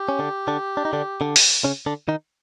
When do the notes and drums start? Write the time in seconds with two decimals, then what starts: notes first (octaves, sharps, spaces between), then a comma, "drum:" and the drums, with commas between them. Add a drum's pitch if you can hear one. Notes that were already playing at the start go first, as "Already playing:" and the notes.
Already playing: G4
0.09 C#4
0.19 D3 D4
0.48 D3 D4
0.77 D4
0.85 D#4
0.93 D3 D4
1.21 D3 D4
1.36 drum: open hi-hat
1.64 C#3 C#4
1.86 D3 D4
2.08 D#3 D#4